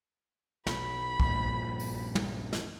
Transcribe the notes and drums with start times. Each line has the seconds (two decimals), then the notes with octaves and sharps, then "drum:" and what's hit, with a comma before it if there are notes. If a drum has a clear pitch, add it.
0.67 B1 B5, drum: snare
1.20 A#1 G2 A#2, drum: kick B1
1.79 drum: open hi-hat
2.15 drum: tom
2.53 drum: snare